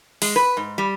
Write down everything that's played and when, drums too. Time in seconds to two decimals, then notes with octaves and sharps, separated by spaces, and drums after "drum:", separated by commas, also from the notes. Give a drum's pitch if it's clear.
0.22 G#3, drum: open hi-hat
0.36 B4
0.57 G#2
0.78 G3